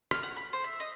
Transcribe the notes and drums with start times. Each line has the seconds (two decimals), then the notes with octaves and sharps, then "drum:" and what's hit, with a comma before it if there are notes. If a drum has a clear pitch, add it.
0.11 F6, drum: rim click
0.23 F#5
0.37 B5
0.53 C5
0.64 E5
0.80 D#5